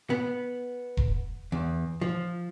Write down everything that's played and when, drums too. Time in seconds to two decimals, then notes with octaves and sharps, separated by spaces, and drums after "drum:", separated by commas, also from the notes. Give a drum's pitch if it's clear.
0.10 B3
0.97 drum: kick E1
1.52 E2
2.01 F3